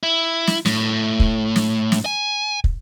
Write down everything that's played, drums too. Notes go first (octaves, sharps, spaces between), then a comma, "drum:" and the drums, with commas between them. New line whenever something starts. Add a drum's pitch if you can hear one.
E4
drum: snare
A2, drum: snare
drum: kick
drum: snare
drum: snare
G#5
drum: kick